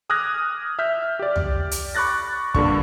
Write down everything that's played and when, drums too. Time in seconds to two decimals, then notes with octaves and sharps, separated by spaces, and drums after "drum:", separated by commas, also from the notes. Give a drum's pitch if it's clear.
0.10 D6 D#6 F6 F#6 G#6 A#6
0.79 E5 F6 G6 B6
1.19 G4 D5
1.36 drum: tom
1.71 drum: hi-hat
1.95 B5 C#6 D6 F#6 A6 A#6
2.54 G2 A#2 D3 C#6, drum: kick